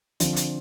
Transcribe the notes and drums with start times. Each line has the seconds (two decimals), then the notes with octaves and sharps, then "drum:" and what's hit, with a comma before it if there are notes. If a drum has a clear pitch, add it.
0.20 D3 F3 C4 F4, drum: hi-hat
0.36 drum: hi-hat